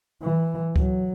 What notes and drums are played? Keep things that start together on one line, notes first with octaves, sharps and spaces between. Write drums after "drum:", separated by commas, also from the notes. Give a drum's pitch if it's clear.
E3
F#3, drum: kick C#2